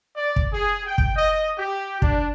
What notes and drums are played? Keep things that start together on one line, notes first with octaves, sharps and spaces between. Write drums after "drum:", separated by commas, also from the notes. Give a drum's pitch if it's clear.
D5
drum: kick
G#4
G5
drum: kick
D#5
G4
D4, drum: kick